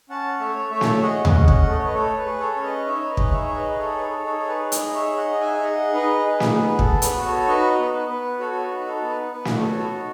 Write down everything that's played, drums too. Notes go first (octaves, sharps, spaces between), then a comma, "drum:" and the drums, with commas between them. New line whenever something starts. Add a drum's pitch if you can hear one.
C#4 F#5 A5
A3 C#5 E5
A3 C#5 E5
drum: snare
G#4 D#5 F#5
D#5 F#5, drum: tom D2
C#4
D#5 F#5, drum: kick
A3
D#5
C#5
B4 D#5
A3 A4 C#5
B4
G#4
A4 C#5
C#4
B4 D#5
D#4 C#5 E5
B4 D#5
G#4, drum: kick
C#5 E5
D#4 C#5
B4 D#5
D#5
G#4 A4 C#5
B4
A4
D#4
A4 C#5
G#4
B4
D#4, drum: hi-hat
D#5
C#5 E5
G#4
D#5 F#5
D#4
E5 G#5
E5
G#4 D#5 F#5
D#4 B4 D#5
G#4 B4
drum: snare
B3 B4
A4, drum: kick
B3
B4, drum: hi-hat
F#4
A4 C#5
D#4 B4 D#5
B3 B4
B3 B4
F#4 A4 C#5
A4
B4
D#4
A4
B3
B4
B3 B4
D#5, drum: snare
A4 C#5
F#4
A4
D#4